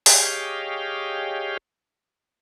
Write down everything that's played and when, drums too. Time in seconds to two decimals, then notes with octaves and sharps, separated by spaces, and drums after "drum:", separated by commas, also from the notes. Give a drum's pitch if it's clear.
0.06 G4 G#4 C#5 D#5 F5 G5, drum: open hi-hat